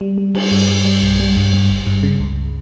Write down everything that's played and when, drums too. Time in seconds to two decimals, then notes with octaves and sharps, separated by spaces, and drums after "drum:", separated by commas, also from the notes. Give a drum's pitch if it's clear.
0.01 G3
0.18 G3
0.35 G3, drum: cymbal
0.51 G2
0.68 G3
0.85 G3
1.02 B1
1.19 G3
1.37 G2
1.53 G2
1.69 G1
1.86 G2
2.03 C#3
2.20 C#2